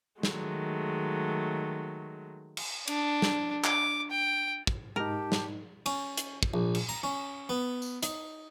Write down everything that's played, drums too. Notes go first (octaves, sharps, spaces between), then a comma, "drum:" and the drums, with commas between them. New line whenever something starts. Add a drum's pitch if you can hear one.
D#3 F#3 G#3 A3, drum: snare
drum: cymbal
D4, drum: cymbal
drum: snare
D6, drum: clap
G5
drum: kick
G#2 D#4 G4 A#4 A5
drum: snare
C#4, drum: cymbal
drum: hi-hat
drum: kick
A#1
drum: cymbal
A#5
C#4
B3
drum: tambourine
D#4, drum: hi-hat